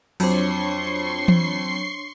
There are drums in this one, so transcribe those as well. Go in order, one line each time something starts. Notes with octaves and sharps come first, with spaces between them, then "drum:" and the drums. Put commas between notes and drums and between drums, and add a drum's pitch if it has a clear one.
F2 F#3 D4 C5 C#5 C6 C#6 C7, drum: open hi-hat
drum: tom E3